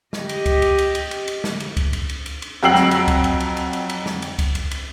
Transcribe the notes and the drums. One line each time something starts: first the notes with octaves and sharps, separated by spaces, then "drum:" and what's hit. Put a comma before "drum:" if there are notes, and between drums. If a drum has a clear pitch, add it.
G4 D#5, drum: snare
drum: cymbal
drum: kick C#2, cymbal
drum: cymbal
drum: cymbal
drum: cymbal
drum: cymbal
drum: cymbal
drum: snare
drum: cymbal
drum: kick C#2, cymbal
drum: cymbal
drum: cymbal
drum: cymbal
drum: cymbal
F2 F#3 G5 E6 C7 F#7
drum: snare
drum: cymbal
drum: kick C#2, cymbal
drum: cymbal
drum: cymbal
drum: cymbal
drum: cymbal
drum: cymbal
drum: snare
drum: cymbal
drum: kick C#2, cymbal
drum: cymbal
drum: cymbal